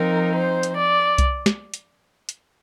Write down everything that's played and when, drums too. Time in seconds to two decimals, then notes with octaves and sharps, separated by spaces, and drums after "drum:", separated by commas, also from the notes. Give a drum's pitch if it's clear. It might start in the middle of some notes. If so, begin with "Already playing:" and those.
Already playing: F3 C4 D#4 A#4
0.35 C5
0.63 drum: hi-hat
0.77 D5
1.18 drum: kick C2, hi-hat
1.46 drum: snare
1.74 drum: hi-hat
2.29 drum: hi-hat